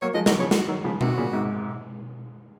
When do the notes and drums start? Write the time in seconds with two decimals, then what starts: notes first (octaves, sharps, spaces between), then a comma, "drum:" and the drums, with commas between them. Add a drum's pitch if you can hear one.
0.02 F#3 A#3 C#5
0.14 F3 G#3 D#5
0.26 D#3 F#3 D#5, drum: snare
0.39 C#3 F3 C#5
0.51 F#4, drum: snare
0.68 D#3 F#3
0.84 C#3 F3
1.01 C3 D#3 F#4, drum: tom B2
1.17 A#2 C#3
1.33 G#2 C3